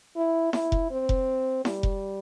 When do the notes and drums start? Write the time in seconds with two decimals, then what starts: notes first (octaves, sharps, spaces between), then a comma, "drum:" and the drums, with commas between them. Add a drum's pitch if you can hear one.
0.16 E4
0.53 E4, drum: snare E4
0.72 drum: kick F1
0.91 C4
1.09 drum: kick F1
1.65 G3, drum: snare E4
1.83 drum: kick F1